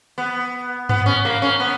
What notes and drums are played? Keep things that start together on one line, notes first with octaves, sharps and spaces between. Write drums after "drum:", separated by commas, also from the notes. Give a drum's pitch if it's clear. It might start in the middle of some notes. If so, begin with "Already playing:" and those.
B3
B3, drum: tom G2
C#4
A#3
C#4
B3